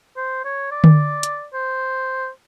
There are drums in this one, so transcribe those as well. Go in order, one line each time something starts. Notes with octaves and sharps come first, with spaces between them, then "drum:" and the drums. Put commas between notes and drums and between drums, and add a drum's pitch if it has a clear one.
C5
C#5
D5
drum: tom D3
drum: hi-hat
C5